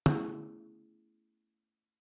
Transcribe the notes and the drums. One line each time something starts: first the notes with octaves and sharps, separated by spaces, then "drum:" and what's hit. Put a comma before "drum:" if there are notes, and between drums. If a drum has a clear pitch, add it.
A3 B3 C#4 E4 G#4, drum: tom